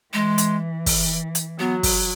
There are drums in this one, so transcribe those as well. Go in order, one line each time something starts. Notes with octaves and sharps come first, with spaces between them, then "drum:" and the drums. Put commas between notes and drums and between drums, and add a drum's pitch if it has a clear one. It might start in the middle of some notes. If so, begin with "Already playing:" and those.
E3 G#3
drum: hi-hat
drum: kick, open hi-hat
drum: hi-hat
F#3 B3
drum: kick, open hi-hat